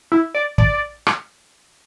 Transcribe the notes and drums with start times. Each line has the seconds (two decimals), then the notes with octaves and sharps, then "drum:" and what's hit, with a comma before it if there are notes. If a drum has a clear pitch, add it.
0.12 E4
0.35 D5
0.58 D5, drum: kick
1.07 drum: rim click